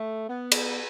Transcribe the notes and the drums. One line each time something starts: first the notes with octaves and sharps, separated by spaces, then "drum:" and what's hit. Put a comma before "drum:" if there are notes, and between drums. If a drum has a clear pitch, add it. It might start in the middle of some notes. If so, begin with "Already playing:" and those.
Already playing: A3
B3
drum: cymbal